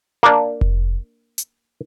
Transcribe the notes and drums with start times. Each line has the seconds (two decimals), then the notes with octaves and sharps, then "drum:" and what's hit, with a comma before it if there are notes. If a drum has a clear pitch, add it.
0.23 A#3 D4
0.61 drum: kick F1
1.38 drum: hi-hat